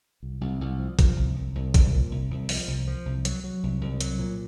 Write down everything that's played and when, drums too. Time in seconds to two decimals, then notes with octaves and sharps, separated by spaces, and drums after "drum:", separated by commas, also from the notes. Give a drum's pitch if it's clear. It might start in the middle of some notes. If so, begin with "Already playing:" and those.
0.23 C2
0.41 C2
0.61 C2
0.79 F3
0.99 F3, drum: kick, hi-hat
1.16 C2
1.35 C2
1.55 C2
1.74 C2, drum: kick, hi-hat
1.92 A#2
2.11 C2
2.31 C2
2.49 F3, drum: open hi-hat
2.68 C2
2.87 F3
3.06 C2
3.25 F#3, drum: hi-hat
3.44 F#3
3.63 C2
3.81 C2
4.01 F#3, drum: hi-hat
4.19 A#2